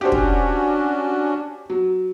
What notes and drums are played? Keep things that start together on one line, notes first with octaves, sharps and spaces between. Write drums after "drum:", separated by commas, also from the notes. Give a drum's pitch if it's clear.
C#4 D4 F#4 G4 C5
drum: kick
F#3